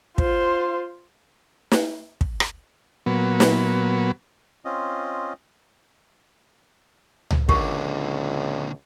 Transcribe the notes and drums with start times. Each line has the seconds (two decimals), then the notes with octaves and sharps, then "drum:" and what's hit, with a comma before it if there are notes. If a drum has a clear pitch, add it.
0.18 F4 C5, drum: kick
1.72 drum: snare
2.21 drum: kick
2.40 drum: rim click
3.06 A#2 F#3 B3
3.40 drum: snare
4.65 C4 C#4 F4 D#5
7.31 drum: tom C#2
7.49 C#2 A#2 D3 G4 A#4 C#6, drum: kick